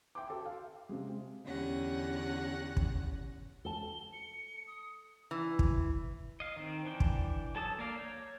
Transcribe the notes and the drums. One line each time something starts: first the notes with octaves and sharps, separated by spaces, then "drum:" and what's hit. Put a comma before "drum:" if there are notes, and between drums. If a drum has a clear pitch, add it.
E5 G5 C6 D6
F#4 A4
F5
C3 G#3
E2 D3 C#4 G4 F#5 A#6
drum: kick
A4 A5 G7
C#7
D#6
E3
drum: kick
D#5 F5
D#3 C4
E3 D4 G5
drum: kick
F#3 A4 A5 D#6 E6
A#3 D5 F5
C#5 G6